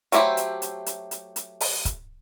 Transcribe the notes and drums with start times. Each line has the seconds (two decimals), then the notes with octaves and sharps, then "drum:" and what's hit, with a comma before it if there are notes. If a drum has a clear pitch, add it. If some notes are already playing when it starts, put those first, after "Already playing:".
0.12 F#3 A3 E4 G4 C5, drum: hi-hat
0.37 drum: hi-hat
0.62 drum: hi-hat
0.86 drum: hi-hat
1.11 drum: hi-hat
1.36 drum: hi-hat
1.61 drum: open hi-hat
1.85 drum: kick, hi-hat